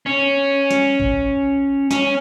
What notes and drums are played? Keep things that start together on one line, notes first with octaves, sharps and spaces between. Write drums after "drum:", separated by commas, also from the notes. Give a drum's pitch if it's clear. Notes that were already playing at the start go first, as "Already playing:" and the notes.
C#4
drum: snare
drum: kick G#1
C#4, drum: snare